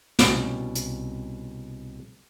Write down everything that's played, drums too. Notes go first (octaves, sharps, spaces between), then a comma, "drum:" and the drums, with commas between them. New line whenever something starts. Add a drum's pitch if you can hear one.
C2 B2 C#4 D5 F5 F#5, drum: snare
drum: hi-hat